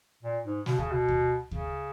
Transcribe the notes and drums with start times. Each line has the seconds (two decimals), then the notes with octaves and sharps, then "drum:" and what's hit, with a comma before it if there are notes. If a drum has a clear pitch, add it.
0.23 A#2
0.45 G#2
0.66 B2, drum: snare
0.78 C#3, drum: kick D2
0.91 B2
1.08 drum: kick D2
1.51 C#3, drum: kick D2